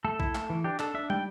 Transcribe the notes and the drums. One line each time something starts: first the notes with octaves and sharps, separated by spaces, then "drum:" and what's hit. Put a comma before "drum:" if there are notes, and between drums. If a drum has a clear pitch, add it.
A3 A4
E4, drum: kick A#1
A3, drum: clap
E3
D4 G4
D4 A4, drum: clap
D4 E5
G3 G5, drum: tom